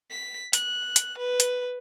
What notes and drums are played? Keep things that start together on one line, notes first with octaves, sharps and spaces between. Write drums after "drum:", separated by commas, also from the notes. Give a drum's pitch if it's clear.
B6
F#6, drum: hi-hat
drum: hi-hat
B4
drum: hi-hat